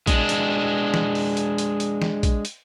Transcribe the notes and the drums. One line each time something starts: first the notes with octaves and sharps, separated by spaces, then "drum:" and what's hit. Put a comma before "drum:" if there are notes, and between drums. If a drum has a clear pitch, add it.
G#3 D4, drum: kick A#1, hi-hat
drum: hi-hat
drum: snare
drum: open hi-hat
drum: hi-hat
drum: hi-hat
drum: hi-hat
drum: snare
drum: kick A#1, hi-hat
drum: hi-hat